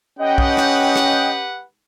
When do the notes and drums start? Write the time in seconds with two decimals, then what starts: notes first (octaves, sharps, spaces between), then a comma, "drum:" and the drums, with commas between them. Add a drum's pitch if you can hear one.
0.19 C#4 G4 B4 D#5 F#5 G5 G6
0.38 drum: kick
0.57 drum: rim click
0.96 drum: rim click